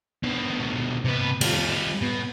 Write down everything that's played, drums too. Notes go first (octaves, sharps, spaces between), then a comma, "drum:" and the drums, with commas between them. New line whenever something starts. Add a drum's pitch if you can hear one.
B2 D3
C3 B4
G3 F4, drum: cymbal
B2